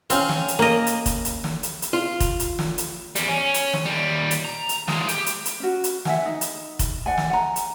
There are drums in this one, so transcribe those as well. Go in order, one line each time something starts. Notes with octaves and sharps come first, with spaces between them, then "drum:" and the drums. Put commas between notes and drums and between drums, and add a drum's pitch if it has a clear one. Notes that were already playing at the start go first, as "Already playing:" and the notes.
C4 C#4 F4, drum: hi-hat
drum: snare
drum: hi-hat
A#3 D#5
drum: hi-hat
drum: kick F1, hi-hat
drum: hi-hat
drum: snare
drum: hi-hat
drum: hi-hat
F4
drum: kick F1, hi-hat
drum: hi-hat
drum: snare
drum: hi-hat
E2 G3, drum: hi-hat
C#4
drum: hi-hat
drum: snare
D#2 G3
drum: hi-hat
A#5
drum: hi-hat
F3 G#3, drum: snare
G4, drum: hi-hat
drum: hi-hat
drum: hi-hat
C#4 F#4
drum: hi-hat
E5 F#5 G#5, drum: snare
D#4
drum: hi-hat
drum: kick F1, hi-hat
D5 F#5 G#5
drum: snare
F#5 G#5 A#5
drum: hi-hat